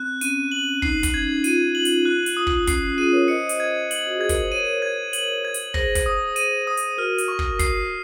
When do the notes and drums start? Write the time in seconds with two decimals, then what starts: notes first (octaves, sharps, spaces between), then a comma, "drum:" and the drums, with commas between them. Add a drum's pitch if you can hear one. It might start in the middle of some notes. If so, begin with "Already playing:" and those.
Already playing: C4 F#6
0.21 C#4 D#7, drum: hi-hat
0.52 F#7
0.82 D#4 C7, drum: kick
1.03 drum: kick, hi-hat
1.13 C#4 G#6
1.44 F4 D#7, drum: hi-hat
1.75 F#7
1.85 drum: hi-hat
2.06 F#6
2.26 drum: hi-hat
2.37 D#6
2.47 drum: kick
2.67 C#4 C7, drum: kick, hi-hat
2.83 C#4
2.97 F4 G#4 D#7
3.13 A#4 C#5
3.28 C5 D#5 C#7
3.49 drum: hi-hat
3.60 G#6
3.91 F#7, drum: hi-hat
4.07 F#4
4.19 G#4 G#6
4.29 A#4, drum: kick, hi-hat
4.41 C5
4.51 A#4 C#5 D#7
4.82 G#6
5.13 F#7, drum: hi-hat
5.45 G#6
5.54 drum: hi-hat
5.74 G#4 C5 A#6, drum: kick
5.95 drum: kick, hi-hat
6.06 D#6
6.36 D#7, drum: hi-hat
6.67 D#6
6.77 drum: hi-hat
6.97 F#4 A#4 F6
7.18 drum: hi-hat
7.28 C#6
7.39 drum: kick
7.59 C7, drum: kick, hi-hat